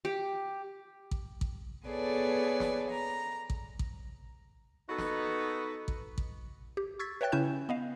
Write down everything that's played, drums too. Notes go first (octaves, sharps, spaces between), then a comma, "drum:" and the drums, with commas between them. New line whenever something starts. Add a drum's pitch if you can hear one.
G4
drum: kick A1
drum: kick A1
B3 G#4 A4 B4 C#5 D5
drum: snare
A#5
drum: kick A1
drum: kick A1
B3 D#4 F#4 A4 B4
drum: snare
drum: kick A1
drum: kick A1
G4
C#6 E6 G#6 A6 B6
B4 C#5 E5 G5 F#6 A6
C#3 C#4 E4 G#5 G6 E7
B3 D#5 F5